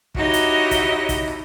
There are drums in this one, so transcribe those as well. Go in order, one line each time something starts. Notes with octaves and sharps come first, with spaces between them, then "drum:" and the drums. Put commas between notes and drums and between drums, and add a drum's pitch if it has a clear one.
D#4 E4 F#4 G4 C#5 D#5, drum: kick
drum: hi-hat
drum: kick, hi-hat
drum: kick, hi-hat
drum: rim click